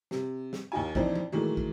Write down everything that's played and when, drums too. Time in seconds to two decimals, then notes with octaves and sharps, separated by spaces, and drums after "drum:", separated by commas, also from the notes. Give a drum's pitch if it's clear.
0.11 C3, drum: snare
0.53 drum: snare
0.72 D#2 D#4 F4 G#5
0.95 F2 A#2 E3 C4 D4 D#4, drum: kick
1.15 drum: tom
1.32 A#2 D#3 E3 F#3 G#3 A3
1.57 drum: kick